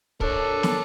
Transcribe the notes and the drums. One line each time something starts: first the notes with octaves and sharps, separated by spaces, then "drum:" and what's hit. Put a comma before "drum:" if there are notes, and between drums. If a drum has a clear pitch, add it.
D4 A4 A#4 C#5, drum: kick
drum: snare